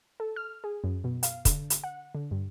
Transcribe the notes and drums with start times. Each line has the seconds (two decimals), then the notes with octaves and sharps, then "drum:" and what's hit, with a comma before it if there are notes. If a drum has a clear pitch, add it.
0.20 A4
0.36 F6
0.64 G#4
0.84 F#2
1.04 B2
1.23 F5, drum: hi-hat
1.45 D3, drum: kick, hi-hat
1.70 drum: hi-hat
1.84 F#5
2.15 D3
2.31 G2